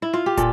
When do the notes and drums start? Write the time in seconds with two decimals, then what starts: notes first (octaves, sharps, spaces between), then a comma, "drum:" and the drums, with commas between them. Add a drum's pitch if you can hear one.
0.02 E4
0.13 F4
0.26 G4
0.37 A#2 A4, drum: kick, hi-hat